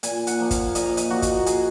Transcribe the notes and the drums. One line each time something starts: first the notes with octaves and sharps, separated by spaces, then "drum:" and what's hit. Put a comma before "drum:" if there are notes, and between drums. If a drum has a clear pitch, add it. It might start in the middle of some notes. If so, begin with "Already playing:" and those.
A#2 G#5, drum: hi-hat
F#5, drum: hi-hat
F3 A#3
F5, drum: kick, hi-hat
A#2 D#5, drum: hi-hat
F5
D#5, drum: hi-hat
F3 A#3 F#4
drum: kick, hi-hat
G#4, drum: hi-hat